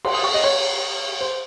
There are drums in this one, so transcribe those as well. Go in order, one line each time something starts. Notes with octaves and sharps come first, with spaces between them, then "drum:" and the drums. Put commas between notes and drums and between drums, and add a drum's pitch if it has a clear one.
C6, drum: cymbal
D#6
C#6
D#5
C#5
C5